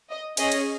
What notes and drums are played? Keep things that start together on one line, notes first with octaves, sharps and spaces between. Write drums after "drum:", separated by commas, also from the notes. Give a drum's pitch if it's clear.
D#5
C#4 G#4 D#5, drum: cymbal
drum: cymbal